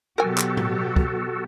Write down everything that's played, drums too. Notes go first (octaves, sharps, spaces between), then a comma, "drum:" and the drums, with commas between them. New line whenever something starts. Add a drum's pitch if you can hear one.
B2 F#3 F#4 G4 A4 A#4 G#5
drum: clap
drum: tom A2
drum: kick